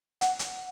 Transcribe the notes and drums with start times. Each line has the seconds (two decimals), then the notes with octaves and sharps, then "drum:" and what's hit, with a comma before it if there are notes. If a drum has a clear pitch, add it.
0.21 F#5, drum: hi-hat
0.39 drum: hi-hat